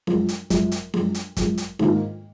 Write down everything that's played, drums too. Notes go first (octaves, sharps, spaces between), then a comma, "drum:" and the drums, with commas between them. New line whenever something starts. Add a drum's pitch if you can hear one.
F#2 F3 G#3, drum: snare D4
drum: hi-hat
F#2 F3 G#3, drum: kick, hi-hat
drum: hi-hat
F#2 F3 G#3, drum: snare D4
drum: hi-hat
F#2 F3 G#3, drum: kick, hi-hat
drum: hi-hat
G#2 D#3 A#3 F4, drum: snare D4